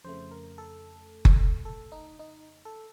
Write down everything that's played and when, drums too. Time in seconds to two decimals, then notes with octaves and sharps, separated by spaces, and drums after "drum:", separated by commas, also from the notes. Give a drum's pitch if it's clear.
0.04 F2 C#3 A3 C5
0.31 A#4
0.58 A4
1.25 drum: kick F#1
1.65 A4
1.92 D#4
2.19 D#4
2.65 A4